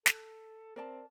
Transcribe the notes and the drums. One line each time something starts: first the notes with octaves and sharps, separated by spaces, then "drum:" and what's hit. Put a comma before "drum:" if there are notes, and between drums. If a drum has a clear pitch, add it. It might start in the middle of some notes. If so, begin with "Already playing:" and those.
A4, drum: snare
C4 A#4 D5 A5